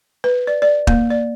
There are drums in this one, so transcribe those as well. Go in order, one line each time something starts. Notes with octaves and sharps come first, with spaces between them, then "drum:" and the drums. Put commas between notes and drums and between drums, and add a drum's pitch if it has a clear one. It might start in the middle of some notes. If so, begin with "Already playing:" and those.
B4
D5
D5
A#3, drum: kick
D5